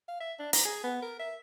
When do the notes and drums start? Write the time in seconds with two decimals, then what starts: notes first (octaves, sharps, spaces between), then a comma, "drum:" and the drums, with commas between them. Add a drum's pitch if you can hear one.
0.08 F5
0.20 E5
0.39 D4
0.53 A#5, drum: hi-hat
0.65 G#4
0.84 B3
1.02 A#4
1.19 E5